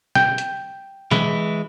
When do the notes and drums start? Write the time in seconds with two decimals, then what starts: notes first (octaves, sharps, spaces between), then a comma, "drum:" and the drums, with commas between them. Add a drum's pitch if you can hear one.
0.15 G5, drum: snare
0.38 drum: hi-hat
1.11 E3 G#3 E4, drum: snare